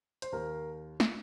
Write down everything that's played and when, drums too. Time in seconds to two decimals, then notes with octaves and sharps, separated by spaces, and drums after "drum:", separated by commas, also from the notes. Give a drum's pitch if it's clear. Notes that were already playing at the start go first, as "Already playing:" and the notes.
0.22 C5, drum: hi-hat
0.32 D#2 A#4
1.00 drum: snare